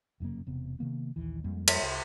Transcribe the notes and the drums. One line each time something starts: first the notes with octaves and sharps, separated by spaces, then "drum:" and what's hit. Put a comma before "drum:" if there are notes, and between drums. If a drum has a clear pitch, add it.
F1 F#2 C#3 A#3
E1 C3 B3
C3 D#3 A#3 B3
A#1 D#2 E3
F2 G3 G#3 A#3
drum: cymbal
C2